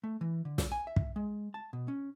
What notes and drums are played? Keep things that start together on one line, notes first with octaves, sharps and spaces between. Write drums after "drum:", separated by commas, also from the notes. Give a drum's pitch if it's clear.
A3
E3
D3
drum: snare
G#5
E5
drum: kick
G#3
A5
B2
C#4